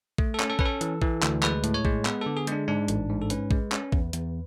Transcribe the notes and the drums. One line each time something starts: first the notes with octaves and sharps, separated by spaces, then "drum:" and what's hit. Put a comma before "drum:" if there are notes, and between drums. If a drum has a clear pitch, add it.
A3, drum: kick A#1
A4
C#4, drum: clap
A4
C#4 B4, drum: kick A#1
A4
E3, drum: hi-hat
E3, drum: kick A#1
D2, drum: clap
G#3 B4, drum: clap
A2, drum: hi-hat
C#5
G#3, drum: kick A#1
B3 B4, drum: clap
D3 A4
G#4
G#3 D4, drum: hi-hat
G#2 D4
A1, drum: hi-hat
G#2
A4
C#4 B4, drum: hi-hat
G#3, drum: kick A#1
C#4, drum: clap
E2, drum: kick A#1
E2, drum: hi-hat